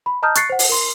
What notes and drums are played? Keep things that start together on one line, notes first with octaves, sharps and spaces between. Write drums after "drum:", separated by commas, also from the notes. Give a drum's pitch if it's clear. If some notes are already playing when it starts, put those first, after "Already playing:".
B5
D#5 A5 A#5 D#6 F6 G6
C#6 F#6 A6 C7 C#7, drum: hi-hat
C5 F#5
drum: open hi-hat
A#4 C6